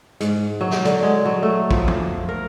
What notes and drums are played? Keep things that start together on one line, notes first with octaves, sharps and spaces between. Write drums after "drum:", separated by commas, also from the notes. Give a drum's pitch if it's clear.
G#2, drum: hi-hat
F#3
drum: snare
D3, drum: hi-hat
G#3
F#3
A3
F3, drum: kick
drum: tom F2
A#4